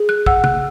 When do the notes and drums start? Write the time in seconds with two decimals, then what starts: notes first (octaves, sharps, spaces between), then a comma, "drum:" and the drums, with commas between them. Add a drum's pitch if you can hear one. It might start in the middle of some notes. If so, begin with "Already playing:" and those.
Already playing: G#4
0.09 F#6
0.26 F#5 E6, drum: kick
0.44 F#6, drum: tom